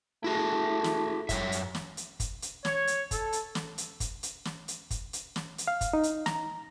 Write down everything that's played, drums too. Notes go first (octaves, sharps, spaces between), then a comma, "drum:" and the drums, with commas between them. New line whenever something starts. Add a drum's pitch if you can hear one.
A3 E4 F#4 G#4
drum: snare
F#2 C#5 E5, drum: kick, hi-hat
drum: hi-hat
drum: snare
drum: hi-hat
drum: kick, hi-hat
drum: hi-hat
C#5, drum: snare
drum: hi-hat
A4, drum: kick, hi-hat
drum: hi-hat
drum: snare
drum: hi-hat
drum: kick, hi-hat
drum: hi-hat
drum: snare
drum: hi-hat
drum: kick, hi-hat
drum: hi-hat
drum: snare
drum: hi-hat
F5
drum: kick, hi-hat
D#4
drum: hi-hat
A#5, drum: snare